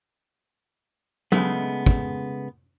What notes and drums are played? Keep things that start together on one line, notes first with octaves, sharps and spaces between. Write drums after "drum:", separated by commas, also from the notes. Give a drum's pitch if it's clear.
C#3 G#3 A3 B3, drum: tom
drum: kick